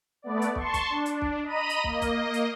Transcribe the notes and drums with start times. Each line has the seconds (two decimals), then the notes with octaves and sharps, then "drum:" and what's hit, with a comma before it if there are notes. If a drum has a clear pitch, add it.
0.22 A3 B3 D5
0.42 drum: hi-hat
0.55 A5 C6 C#6, drum: kick
0.74 drum: kick, hi-hat
0.90 D4
1.06 drum: hi-hat
1.22 drum: kick
1.43 D#5 A#5 B5 D#7
1.70 drum: hi-hat
1.84 A#3 D#5, drum: kick
2.02 drum: kick, hi-hat
2.34 drum: hi-hat